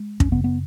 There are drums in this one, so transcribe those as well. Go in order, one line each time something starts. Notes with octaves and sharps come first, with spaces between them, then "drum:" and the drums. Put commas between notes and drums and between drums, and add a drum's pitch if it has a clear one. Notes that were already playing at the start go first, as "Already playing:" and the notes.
Already playing: G#3
C#4, drum: kick
F#2 C#3 B3
B3